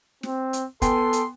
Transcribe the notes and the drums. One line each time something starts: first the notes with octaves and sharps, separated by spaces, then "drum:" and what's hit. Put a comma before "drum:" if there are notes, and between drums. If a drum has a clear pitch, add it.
C4, drum: snare
drum: hi-hat
B3 A4 G5 G#5 C6, drum: kick, hi-hat
drum: hi-hat